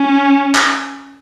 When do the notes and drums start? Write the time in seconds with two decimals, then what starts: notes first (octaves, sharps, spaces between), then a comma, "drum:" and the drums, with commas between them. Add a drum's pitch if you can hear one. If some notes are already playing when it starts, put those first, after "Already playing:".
Already playing: C#4
0.55 drum: clap